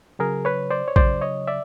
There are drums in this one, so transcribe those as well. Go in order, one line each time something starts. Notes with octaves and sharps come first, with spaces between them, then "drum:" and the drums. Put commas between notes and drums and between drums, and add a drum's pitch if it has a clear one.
C#3 F#3 G#4 A#4
B4 C#5
C5 D5
C#5
C#3 F#3 C5 D5, drum: kick
C#5 D#5
D5 E5